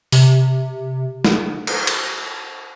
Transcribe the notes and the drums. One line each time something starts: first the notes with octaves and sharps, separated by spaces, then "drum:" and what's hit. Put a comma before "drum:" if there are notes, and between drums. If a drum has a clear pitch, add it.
C3, drum: open hi-hat
drum: snare
drum: cymbal
drum: cymbal